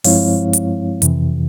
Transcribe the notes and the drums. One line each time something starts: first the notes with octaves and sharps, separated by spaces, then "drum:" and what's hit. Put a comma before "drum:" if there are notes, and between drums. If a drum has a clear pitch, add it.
G2 F3 G#3 C4 E4 C#5 F5, drum: open hi-hat
drum: hi-hat
F2 C3 E3, drum: hi-hat